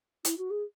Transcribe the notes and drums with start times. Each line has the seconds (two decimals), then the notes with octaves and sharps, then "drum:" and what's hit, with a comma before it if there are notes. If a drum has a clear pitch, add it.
0.25 E4, drum: hi-hat
0.38 F#4
0.50 G#4